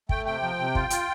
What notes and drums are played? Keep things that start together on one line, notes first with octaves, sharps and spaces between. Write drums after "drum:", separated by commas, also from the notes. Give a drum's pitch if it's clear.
A3 G5, drum: kick
C3 G5
F3
C3
F4, drum: kick
F4, drum: hi-hat